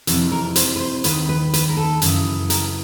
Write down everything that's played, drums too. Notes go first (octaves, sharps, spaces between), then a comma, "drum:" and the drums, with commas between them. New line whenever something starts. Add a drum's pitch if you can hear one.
F2 C3 E3, drum: hi-hat
A#4
C5, drum: hi-hat
B4
C5
D#2 D#3 B4, drum: hi-hat
B4
B4, drum: hi-hat
A#4
A4
F#2 C#3 E3, drum: hi-hat
A#4, drum: hi-hat